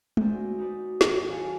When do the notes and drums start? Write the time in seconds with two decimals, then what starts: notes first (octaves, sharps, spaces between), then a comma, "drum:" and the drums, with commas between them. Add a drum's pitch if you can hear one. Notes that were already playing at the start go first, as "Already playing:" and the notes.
0.17 F#4 G#4 A#4 C5 D5 E5, drum: tom
0.58 D#4 F#4 B4 D5
1.01 G#1 D#2 G#2 F#4 D5 C#7, drum: snare
1.30 F#3 F4 F5 G#5 A5 C#7